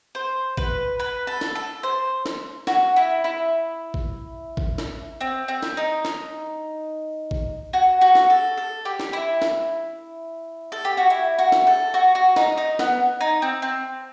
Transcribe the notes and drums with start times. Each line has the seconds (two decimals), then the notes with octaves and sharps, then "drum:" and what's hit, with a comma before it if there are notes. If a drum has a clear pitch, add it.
0.15 C5
0.57 B4, drum: kick A1
1.00 B4
1.27 A4
1.41 drum: snare
1.55 A4
1.83 C5
2.26 drum: snare
2.67 F#4, drum: snare
2.96 E4
3.24 E4
3.94 drum: kick A1
4.57 drum: kick A1
4.78 drum: snare
5.21 C4
5.48 C4
5.63 drum: snare
5.77 D#4
6.05 drum: snare
7.31 drum: kick A1
7.73 F#4
8.01 F#4
8.15 drum: snare
8.30 A4
8.58 A4
8.85 G4
9.00 drum: snare
9.13 E4
9.42 drum: snare
10.72 A4
10.85 G4
10.97 F#4
11.10 E4
11.39 F#4
11.52 drum: snare
11.67 A4
11.94 F#4
12.15 F#4
12.36 D#4, drum: snare
12.57 D#4
12.79 B3, drum: snare
13.21 D#4
13.42 C4
13.62 C4